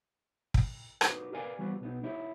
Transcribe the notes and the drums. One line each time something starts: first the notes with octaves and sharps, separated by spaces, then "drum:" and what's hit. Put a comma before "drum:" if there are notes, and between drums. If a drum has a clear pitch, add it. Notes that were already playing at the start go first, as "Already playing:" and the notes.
drum: kick
D#4 F#4 G4 B4, drum: rim click
G4 A#4 B4 D5 F5 G#5
E3 G3 B3 F#4 B4
B1 B3 D#4
D#4 E4 G4 C#5